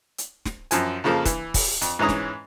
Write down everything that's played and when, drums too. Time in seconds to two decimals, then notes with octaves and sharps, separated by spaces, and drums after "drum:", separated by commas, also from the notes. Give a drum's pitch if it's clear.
0.18 drum: hi-hat
0.45 drum: snare
0.71 F#2 F3 G#5, drum: hi-hat
1.04 F2 C#3 F3 A#3 A4
1.25 E3, drum: kick, hi-hat
1.54 drum: kick, open hi-hat
1.81 F2, drum: hi-hat
1.99 G#2 E3 C#4 A#5 D#6
2.09 drum: snare